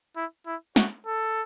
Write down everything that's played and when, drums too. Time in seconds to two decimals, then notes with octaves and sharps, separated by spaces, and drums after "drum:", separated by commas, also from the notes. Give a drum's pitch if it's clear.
0.17 E4
0.47 E4
0.76 F#4, drum: snare
1.07 A4